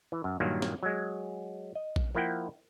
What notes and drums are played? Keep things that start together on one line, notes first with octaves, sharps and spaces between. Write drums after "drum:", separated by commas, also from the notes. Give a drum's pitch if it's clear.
E3
F#2
G2 A#2 D#3 F#3 A#3
drum: snare
F#3 G#3
D#5
drum: kick A#1
F3 A#3 E4 F#5 G5